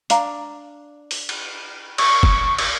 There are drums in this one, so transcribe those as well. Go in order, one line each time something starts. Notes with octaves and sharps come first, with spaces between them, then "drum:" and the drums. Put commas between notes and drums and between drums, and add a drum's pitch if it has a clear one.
D4 F5 A#5, drum: hi-hat
drum: open hi-hat
drum: cymbal
C#6, drum: cymbal
drum: kick
drum: cymbal